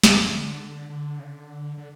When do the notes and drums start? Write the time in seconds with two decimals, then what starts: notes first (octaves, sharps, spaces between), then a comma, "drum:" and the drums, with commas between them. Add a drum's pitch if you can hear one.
0.04 drum: snare
0.25 D3
0.90 D3
1.19 C#3
1.23 D3
1.78 D3